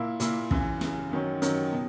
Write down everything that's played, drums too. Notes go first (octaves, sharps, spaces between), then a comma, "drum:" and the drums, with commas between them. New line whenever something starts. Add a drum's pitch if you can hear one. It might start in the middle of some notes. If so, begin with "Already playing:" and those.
Already playing: A#2 A#3 E4
A#2 A#3 E4, drum: hi-hat
F#2 C#3 E3, drum: kick
F#2 C#3 E3, drum: snare
F#2 D#3 F#3 C#4
F#2 D#3 F#3 C#4, drum: hi-hat
B2